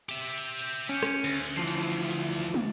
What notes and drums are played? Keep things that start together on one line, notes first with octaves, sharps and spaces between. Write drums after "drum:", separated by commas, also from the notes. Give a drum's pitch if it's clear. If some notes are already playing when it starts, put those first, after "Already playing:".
G4 E5
drum: hi-hat
drum: hi-hat
C#4
drum: rim click
D2, drum: hi-hat
drum: hi-hat
E3 F3
drum: hi-hat
drum: open hi-hat
drum: hi-hat
drum: hi-hat
drum: tom